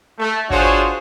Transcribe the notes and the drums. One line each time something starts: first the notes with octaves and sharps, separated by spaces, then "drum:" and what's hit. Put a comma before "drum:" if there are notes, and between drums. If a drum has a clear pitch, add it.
A3
D4 F4 F#4 G#4 C5 C#5, drum: kick G#1